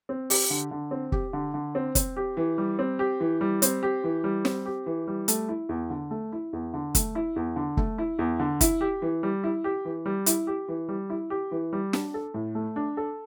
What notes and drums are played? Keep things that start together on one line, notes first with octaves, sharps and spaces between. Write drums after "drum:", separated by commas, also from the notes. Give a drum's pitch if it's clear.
C4
G4, drum: open hi-hat
D3
D3
C4
G4, drum: kick
D3
D3
C4
C4, drum: kick, hi-hat
G4
E3
G3
C4
G4
E3
G3
C4, drum: hi-hat
G4
E3
G3
C4, drum: snare
G4
E3
G3
A3, drum: hi-hat
E4
E2
D3
A3
E4
E2
D3
A3, drum: kick, hi-hat
E4
E2
D3
A3, drum: kick
E4
E2
D3
E4, drum: kick, hi-hat
G4
E3
G3
E4
G4
E3
G3
E4, drum: hi-hat
G4
E3
G3
E4
G4
E3
G3
D4, drum: snare
A4
A2
A3
D4
A4